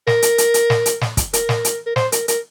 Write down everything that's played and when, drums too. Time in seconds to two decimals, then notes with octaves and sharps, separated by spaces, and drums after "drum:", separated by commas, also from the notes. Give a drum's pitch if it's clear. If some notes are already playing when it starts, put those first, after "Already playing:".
0.07 A#4, drum: snare
0.22 drum: hi-hat
0.38 drum: hi-hat
0.54 drum: hi-hat
0.70 drum: snare
0.86 drum: hi-hat
1.01 drum: snare
1.17 drum: kick, hi-hat
1.33 A#4, drum: hi-hat
1.49 drum: snare
1.65 drum: hi-hat
1.86 A#4
1.96 C5, drum: snare
2.12 A#4, drum: hi-hat
2.28 A#4, drum: hi-hat